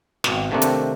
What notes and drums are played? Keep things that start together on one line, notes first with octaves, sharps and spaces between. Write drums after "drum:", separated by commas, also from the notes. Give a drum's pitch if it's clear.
G#1 B2, drum: snare
C3 D#3 A3 A#3 C4 D4
drum: hi-hat